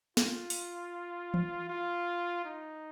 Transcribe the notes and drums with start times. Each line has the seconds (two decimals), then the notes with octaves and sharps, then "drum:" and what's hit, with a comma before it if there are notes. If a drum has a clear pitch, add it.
0.17 F4, drum: snare
0.50 drum: open hi-hat
1.34 drum: tom E3
1.70 F4
2.45 D#4